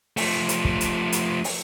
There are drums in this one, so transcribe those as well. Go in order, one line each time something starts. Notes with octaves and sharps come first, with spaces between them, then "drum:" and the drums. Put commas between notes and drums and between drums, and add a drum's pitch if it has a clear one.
F3 A3, drum: open hi-hat
drum: hi-hat
drum: kick
drum: hi-hat
drum: hi-hat
drum: open hi-hat